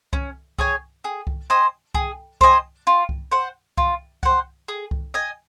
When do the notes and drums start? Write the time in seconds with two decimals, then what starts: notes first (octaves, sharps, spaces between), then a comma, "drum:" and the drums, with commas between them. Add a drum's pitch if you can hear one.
0.13 C#4, drum: kick C2
0.59 G#4 C#5 G#5, drum: kick C2
1.04 G#4
1.27 drum: kick C2
1.50 C5 D#5 G#5
1.95 G#4, drum: kick C2
2.41 C5 D#5 G#5, drum: kick C2
2.87 F4
3.09 drum: kick C2
3.31 C5 F#5
3.78 F4, drum: kick C2
4.23 C5 F#5, drum: kick C2
4.68 G#4
4.91 drum: kick C2
5.14 D#5 G#5